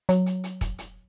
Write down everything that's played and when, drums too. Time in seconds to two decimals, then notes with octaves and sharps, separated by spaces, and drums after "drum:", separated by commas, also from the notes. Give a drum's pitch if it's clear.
0.09 F#3, drum: hi-hat
0.26 drum: hi-hat
0.44 drum: hi-hat
0.61 drum: kick, hi-hat
0.78 drum: hi-hat